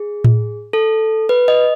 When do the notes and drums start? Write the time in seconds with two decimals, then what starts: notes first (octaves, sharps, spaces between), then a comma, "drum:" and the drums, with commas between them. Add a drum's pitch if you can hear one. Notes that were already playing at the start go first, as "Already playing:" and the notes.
Already playing: G#4
0.24 drum: tom A2
0.73 A4
1.29 B4
1.48 D#5